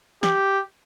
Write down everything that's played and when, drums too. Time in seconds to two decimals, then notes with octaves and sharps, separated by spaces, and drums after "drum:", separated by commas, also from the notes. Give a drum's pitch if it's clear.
0.23 G4, drum: snare